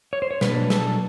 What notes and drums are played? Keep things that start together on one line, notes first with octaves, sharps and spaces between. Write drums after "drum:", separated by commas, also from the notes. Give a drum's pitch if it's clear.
C#5
C5
C#5
B2 F#3 A#3 D4 B4, drum: snare
A4, drum: snare